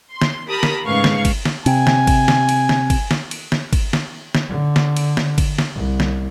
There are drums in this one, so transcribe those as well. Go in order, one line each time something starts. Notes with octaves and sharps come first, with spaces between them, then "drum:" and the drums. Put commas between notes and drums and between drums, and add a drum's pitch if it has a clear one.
C6
drum: snare
G4 A#4 A5 B5 D#6
drum: snare
G#2 C#3 A3 B4 F5 C#6
drum: snare
drum: kick, cymbal
drum: snare
C3 G#5, drum: cymbal
drum: snare
drum: kick, cymbal
drum: snare
drum: cymbal
drum: snare
drum: kick, cymbal
drum: snare
drum: cymbal
drum: snare
drum: kick, cymbal
drum: snare
drum: snare
D3
drum: snare
drum: cymbal
drum: snare
drum: kick, cymbal
drum: snare
C2
drum: snare